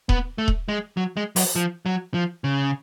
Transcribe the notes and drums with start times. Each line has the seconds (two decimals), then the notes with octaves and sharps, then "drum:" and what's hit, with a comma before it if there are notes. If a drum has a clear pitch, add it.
0.09 B3, drum: kick D#1
0.38 A3
0.48 drum: kick D#1
0.68 G#3
0.97 F#3
1.17 G#3
1.36 F#3, drum: open hi-hat
1.56 F3
1.86 F#3
2.14 F3
2.44 C#3